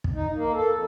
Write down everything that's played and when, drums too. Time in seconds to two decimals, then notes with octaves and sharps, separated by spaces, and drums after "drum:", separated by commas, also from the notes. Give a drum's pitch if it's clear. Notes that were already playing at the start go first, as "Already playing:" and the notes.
0.04 drum: kick
0.14 D#4
0.35 A#3
0.54 A4
0.71 F2